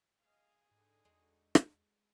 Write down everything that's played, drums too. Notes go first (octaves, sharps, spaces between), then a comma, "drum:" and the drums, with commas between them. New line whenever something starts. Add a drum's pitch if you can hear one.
G#4 D#5 F5
G#2 D3 D#4 F#4
E2 G#3
drum: rim click